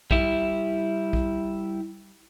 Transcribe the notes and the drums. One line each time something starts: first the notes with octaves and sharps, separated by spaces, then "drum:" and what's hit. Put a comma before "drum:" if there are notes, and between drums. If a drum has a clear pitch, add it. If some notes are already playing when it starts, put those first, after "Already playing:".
G3 E4, drum: kick
drum: kick